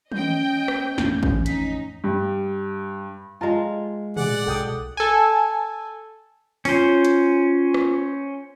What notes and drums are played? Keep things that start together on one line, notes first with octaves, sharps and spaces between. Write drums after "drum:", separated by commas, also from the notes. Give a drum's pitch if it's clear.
C#4 D#5 G5 G6, drum: tom
drum: rim click
A1 F2 C4, drum: snare
drum: kick A1
D#4 B6, drum: hi-hat
G2
G#3 F4 A5 A#5
G#4 D5 F#5, drum: tom
B1 A4 G5 D#6
A4 G#5
C#4 F4 C5, drum: open hi-hat
drum: hi-hat
drum: rim click